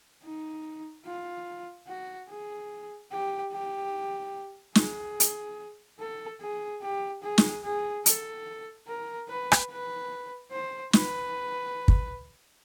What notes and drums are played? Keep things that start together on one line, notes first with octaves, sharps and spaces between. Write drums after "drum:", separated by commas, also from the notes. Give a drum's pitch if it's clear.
D#4
F4
F#4
G#4
G4
G4
G#4, drum: snare
drum: hi-hat
A4
G#4
G4
G#4
drum: snare
G#4
A4, drum: hi-hat
A#4
B4
drum: rim click
B4
C5
B4, drum: snare
drum: kick